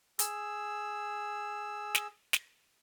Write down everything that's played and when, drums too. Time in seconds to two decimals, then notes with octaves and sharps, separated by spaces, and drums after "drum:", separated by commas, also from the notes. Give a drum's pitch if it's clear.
0.19 G#4 E6, drum: hi-hat
1.95 drum: snare
2.33 drum: snare